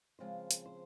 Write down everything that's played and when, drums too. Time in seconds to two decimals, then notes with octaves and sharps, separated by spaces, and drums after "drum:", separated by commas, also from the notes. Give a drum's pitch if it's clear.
0.19 C#3 F3 G#3 C4 C5
0.51 drum: hi-hat
0.66 C5